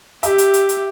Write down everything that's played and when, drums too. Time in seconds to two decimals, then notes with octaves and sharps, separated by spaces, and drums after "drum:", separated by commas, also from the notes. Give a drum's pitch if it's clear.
0.23 G4 E5, drum: hi-hat
0.38 drum: hi-hat
0.54 drum: hi-hat
0.69 drum: hi-hat